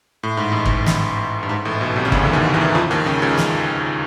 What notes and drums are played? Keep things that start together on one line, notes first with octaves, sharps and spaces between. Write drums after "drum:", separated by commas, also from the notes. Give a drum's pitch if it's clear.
A2
G#2
A1 A2
drum: kick
drum: snare
G2
G#2
A1 A2
B1 B2
C2 C3
C#3
D2 D3, drum: kick
E3
D#2 D#3
E2 E3
F2 F3
D#2 D#3
C#2 C#3
C#2 C#3
drum: snare